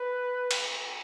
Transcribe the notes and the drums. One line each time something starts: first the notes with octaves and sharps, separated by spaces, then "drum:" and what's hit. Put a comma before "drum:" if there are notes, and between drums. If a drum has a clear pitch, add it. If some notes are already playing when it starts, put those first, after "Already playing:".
Already playing: B4
drum: cymbal